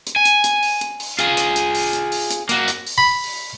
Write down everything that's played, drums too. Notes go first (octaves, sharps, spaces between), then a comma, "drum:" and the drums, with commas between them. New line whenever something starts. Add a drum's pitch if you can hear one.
drum: hi-hat
G#5
drum: hi-hat
drum: hi-hat
drum: open hi-hat
drum: hi-hat
drum: open hi-hat
F4 G#4, drum: hi-hat
drum: hi-hat
drum: hi-hat
drum: open hi-hat
drum: hi-hat
drum: open hi-hat
drum: hi-hat
A#3 F#4, drum: hi-hat
drum: hi-hat
drum: open hi-hat
B5
drum: open hi-hat